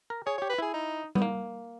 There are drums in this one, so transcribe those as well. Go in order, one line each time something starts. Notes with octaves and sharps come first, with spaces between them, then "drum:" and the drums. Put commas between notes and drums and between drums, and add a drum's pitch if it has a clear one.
A#4
G#4 C#5
C#5
G4
B4
E4 G#4
D#4
B3, drum: tom G3
A#3